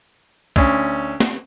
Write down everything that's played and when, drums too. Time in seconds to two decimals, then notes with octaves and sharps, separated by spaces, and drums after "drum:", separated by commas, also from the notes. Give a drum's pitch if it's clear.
0.56 D2 C#4, drum: kick C2
1.20 drum: snare